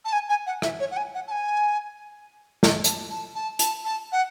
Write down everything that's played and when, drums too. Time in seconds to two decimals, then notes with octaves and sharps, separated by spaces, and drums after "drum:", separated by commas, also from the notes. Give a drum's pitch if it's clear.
0.05 A5
0.12 G#5
0.29 G#5
0.46 F#5
0.62 E5, drum: rim click
0.80 C#5
0.91 F#5
0.96 G#5
1.14 F#5
1.27 A5
1.31 G#5
2.63 drum: snare
2.84 A5, drum: hi-hat
3.10 A5
3.35 A5
3.59 A5, drum: hi-hat
3.85 A5
4.12 F#5